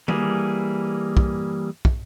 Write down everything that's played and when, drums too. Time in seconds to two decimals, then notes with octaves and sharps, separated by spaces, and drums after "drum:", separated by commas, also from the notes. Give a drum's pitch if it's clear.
0.08 E3 G3 A#3 G#4, drum: tom D#3
1.17 drum: kick
1.85 drum: kick